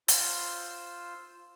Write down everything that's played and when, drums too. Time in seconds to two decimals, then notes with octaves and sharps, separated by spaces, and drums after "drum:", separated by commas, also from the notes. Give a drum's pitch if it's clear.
0.08 F4 C5 E6, drum: hi-hat